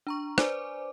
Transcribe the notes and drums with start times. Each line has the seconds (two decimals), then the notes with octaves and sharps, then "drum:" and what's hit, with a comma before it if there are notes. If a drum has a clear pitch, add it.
0.07 D4 A#5 C#6
0.38 B4 C5 D5 G#5 D6, drum: rim click